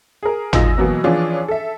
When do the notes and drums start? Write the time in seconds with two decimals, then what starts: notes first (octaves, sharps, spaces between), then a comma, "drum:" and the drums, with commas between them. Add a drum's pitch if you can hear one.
0.23 G#4 A#4
0.53 F#2 D#4 F4 E6 A#6, drum: tom
0.78 B2 E3 F#3 A#3 B3
1.04 E3 F3 C#4 D4 F4 G#4
1.48 A4 E5